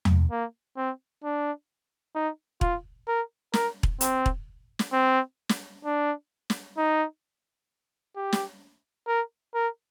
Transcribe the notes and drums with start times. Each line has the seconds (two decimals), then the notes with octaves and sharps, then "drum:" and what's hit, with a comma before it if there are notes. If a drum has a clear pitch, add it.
0.05 drum: tom E2
0.31 A#3
0.77 C4
1.24 D4
2.15 D#4
2.61 F4, drum: kick E1
3.08 A#4
3.54 A#4, drum: snare
3.83 drum: kick E1
4.01 C4, drum: hi-hat
4.26 drum: kick E1
4.79 drum: snare
4.92 C4
5.49 drum: snare
5.85 D4
6.50 drum: snare
6.77 D#4
8.16 G4
8.33 drum: snare
9.07 A#4
9.54 A#4